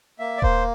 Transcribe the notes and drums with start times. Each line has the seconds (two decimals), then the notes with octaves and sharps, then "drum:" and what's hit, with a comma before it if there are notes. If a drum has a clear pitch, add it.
0.19 A#3 E5
0.38 D5
0.42 A#3 C5, drum: kick D#1